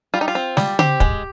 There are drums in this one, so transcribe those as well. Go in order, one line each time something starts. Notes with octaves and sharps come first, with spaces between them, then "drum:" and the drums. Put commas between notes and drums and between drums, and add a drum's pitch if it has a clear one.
G3 F4
D#4
F4
C4
G3, drum: snare
C4 G4, drum: tom C#3
G#3, drum: kick